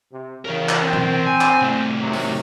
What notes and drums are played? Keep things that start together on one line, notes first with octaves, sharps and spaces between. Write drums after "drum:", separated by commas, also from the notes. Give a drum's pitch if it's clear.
C3
C#3 E3 A#4
drum: clap
C4
drum: tom
G#5
drum: clap
C2 A3
C3 D#3 F#3
drum: open hi-hat